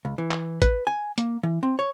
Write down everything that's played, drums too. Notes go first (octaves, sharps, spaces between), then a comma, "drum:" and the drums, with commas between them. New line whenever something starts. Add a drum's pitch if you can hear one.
C#2
E3
drum: clap
B4, drum: kick, hi-hat
G#5
A#3, drum: hi-hat
E3
C4
C#5